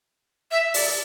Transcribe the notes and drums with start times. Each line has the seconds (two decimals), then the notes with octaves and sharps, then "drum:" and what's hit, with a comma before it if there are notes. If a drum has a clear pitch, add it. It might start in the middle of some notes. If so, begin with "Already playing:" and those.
0.51 E5
0.74 D5, drum: open hi-hat